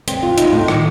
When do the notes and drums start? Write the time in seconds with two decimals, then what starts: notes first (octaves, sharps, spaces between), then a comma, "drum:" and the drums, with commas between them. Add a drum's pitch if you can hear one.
0.08 C4, drum: hi-hat
0.23 F4
0.38 D#4, drum: hi-hat
0.52 A2
0.68 D#3, drum: rim click